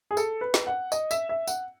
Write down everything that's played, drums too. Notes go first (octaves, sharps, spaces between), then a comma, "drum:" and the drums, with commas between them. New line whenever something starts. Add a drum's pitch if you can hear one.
G#4
A4, drum: tambourine
B4
drum: snare
F#5
D#5, drum: tambourine
E5, drum: tambourine
E5
F#5, drum: tambourine